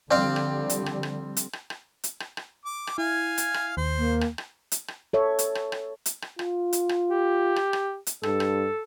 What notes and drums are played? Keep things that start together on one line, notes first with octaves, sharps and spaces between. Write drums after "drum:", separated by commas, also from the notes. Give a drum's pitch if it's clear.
D3 F3 G3 C4 D5 F5
drum: rim click
drum: hi-hat
drum: rim click
drum: rim click
drum: hi-hat
drum: rim click
drum: rim click
drum: hi-hat
drum: rim click
drum: rim click
D6
drum: rim click
E4 F5 G#5
drum: hi-hat
drum: rim click
D#2 C5
A#3
drum: rim click
drum: rim click
drum: hi-hat
drum: rim click
A4 C#5 E5
drum: hi-hat
drum: rim click
drum: rim click
drum: hi-hat
drum: rim click
F4, drum: rim click
drum: hi-hat
drum: rim click
G4
drum: rim click
drum: rim click
drum: hi-hat
G2 A4, drum: rim click
drum: rim click